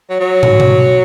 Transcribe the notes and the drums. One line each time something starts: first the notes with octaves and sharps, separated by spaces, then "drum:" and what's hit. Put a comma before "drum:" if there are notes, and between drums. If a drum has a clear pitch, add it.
F#3
F#3
drum: tom
drum: tom B2